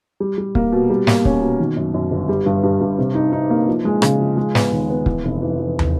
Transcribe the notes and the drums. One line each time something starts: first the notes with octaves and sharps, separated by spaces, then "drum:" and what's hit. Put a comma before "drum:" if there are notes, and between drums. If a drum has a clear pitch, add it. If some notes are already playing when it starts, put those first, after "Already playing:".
G3
G3
A#3, drum: kick
B2
G3
A#3, drum: snare
C#4, drum: kick
B2
D#3
F#2
F#2
G1
G3
G2
G2
G2
C3
D#4
D#4
A#3
F3
G#3
C#3, drum: rim click
F3
G#3
B3, drum: snare
D#2
B3
E3, drum: kick
F1
E3
E3
drum: tom